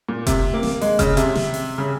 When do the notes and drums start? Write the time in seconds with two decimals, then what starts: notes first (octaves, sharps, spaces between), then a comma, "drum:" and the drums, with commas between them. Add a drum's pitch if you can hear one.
0.09 A#2
0.26 C3, drum: kick F1, hi-hat
0.54 A#3
0.63 drum: snare
0.81 G#3, drum: open hi-hat
0.99 C#3, drum: kick F1, hi-hat
1.17 C3, drum: hi-hat
1.35 drum: snare
1.54 drum: open hi-hat
1.78 C#3